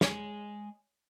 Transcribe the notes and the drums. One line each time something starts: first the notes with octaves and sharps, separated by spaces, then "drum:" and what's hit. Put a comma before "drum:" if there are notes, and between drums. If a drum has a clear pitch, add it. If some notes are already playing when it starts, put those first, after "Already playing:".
G#3 G#4, drum: snare